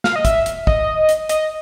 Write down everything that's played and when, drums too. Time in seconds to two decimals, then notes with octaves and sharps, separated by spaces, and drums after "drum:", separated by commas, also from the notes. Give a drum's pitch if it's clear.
0.04 F5, drum: snare
0.16 D#5
0.25 E5, drum: kick, hi-hat
0.46 drum: hi-hat
0.67 D#5, drum: kick
1.09 drum: hi-hat
1.29 D#5, drum: hi-hat